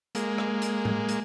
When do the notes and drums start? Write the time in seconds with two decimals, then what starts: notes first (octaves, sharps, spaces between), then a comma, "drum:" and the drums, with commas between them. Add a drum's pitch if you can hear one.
0.15 G#3 A#3, drum: hi-hat
0.38 drum: rim click
0.62 drum: hi-hat
0.85 drum: tom A2
1.09 drum: hi-hat